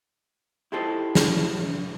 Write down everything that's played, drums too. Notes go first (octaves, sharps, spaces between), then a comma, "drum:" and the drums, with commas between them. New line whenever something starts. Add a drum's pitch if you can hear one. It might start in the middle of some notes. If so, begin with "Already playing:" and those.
E4 F4 G4 A4 C5 D#5
drum: snare